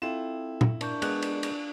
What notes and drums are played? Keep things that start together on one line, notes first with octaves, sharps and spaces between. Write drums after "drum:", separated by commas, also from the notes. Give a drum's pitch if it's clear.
C4 E4 F4 A4 G5 E7
drum: tom
D4 A#4 C#6 G6, drum: cymbal
G#3 B3 D5 F#6, drum: cymbal
drum: cymbal
drum: cymbal